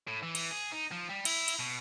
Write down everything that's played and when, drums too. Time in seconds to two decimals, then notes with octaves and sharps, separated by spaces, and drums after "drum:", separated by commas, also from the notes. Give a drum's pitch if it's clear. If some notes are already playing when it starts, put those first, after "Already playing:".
0.08 A2
0.23 E3
0.35 drum: cymbal
0.52 G#4
0.72 D#4
0.92 F3
1.09 G3
1.25 E4, drum: cymbal
1.48 drum: cymbal
1.59 B2